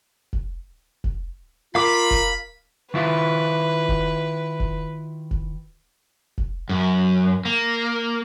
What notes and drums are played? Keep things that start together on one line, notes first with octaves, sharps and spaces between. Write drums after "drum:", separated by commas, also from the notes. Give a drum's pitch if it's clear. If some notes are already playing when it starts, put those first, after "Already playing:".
drum: kick F1
drum: kick F1
F4 A#4 F5 B5 D6
drum: kick F1
D#3 E4 F4 B4
drum: kick F1
drum: kick F1
drum: kick F1
drum: kick F1
F#2
A#3